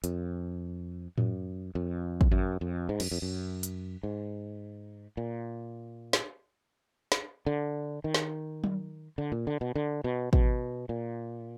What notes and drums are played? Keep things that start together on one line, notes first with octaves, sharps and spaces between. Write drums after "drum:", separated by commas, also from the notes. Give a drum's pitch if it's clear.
F2, drum: hi-hat
F#2, drum: tom A2
F2
drum: kick
F#2
F2
G#2
F#2, drum: cymbal
F2
F#2
drum: hi-hat
G#2
A#2
drum: snare
drum: snare
D3
D#3
drum: snare
drum: tom F#3
D3
A#2
D3
B2
D3
B2
B2, drum: kick
A#2